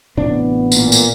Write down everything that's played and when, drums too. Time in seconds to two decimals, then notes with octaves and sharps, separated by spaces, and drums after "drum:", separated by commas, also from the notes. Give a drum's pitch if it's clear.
0.17 A1 C3 B3 D4
0.72 A#2, drum: tambourine
0.92 drum: tambourine